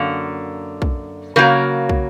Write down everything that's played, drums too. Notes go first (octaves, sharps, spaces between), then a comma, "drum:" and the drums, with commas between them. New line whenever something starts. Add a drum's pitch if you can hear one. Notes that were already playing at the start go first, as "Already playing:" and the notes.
Already playing: F#2 D3 A#3
drum: kick
C#3 F#3 A#3 A#4
drum: kick